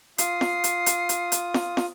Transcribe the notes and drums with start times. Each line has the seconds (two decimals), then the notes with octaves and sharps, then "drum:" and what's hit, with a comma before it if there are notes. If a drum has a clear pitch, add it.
0.18 F4 D#6 C7, drum: hi-hat
0.41 drum: snare
0.64 drum: hi-hat
0.86 drum: hi-hat
1.09 drum: hi-hat
1.32 drum: hi-hat
1.54 drum: snare
1.77 drum: snare